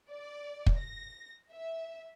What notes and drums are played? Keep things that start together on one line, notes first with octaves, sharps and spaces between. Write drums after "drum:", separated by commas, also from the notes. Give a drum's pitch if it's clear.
D5
drum: kick
A#6
E5